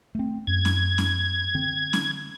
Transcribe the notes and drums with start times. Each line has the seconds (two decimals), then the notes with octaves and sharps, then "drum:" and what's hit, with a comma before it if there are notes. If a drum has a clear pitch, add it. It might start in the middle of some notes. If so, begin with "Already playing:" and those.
0.15 A3 C4
0.47 F#2 G#6
0.65 drum: snare C#4
0.98 drum: snare C#4
1.55 D3 C4
1.93 drum: snare C#4